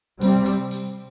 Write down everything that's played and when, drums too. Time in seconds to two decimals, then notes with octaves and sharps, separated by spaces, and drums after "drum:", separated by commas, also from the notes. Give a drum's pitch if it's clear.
0.21 C3 G3 C4, drum: tambourine
0.46 drum: tambourine
0.71 drum: tambourine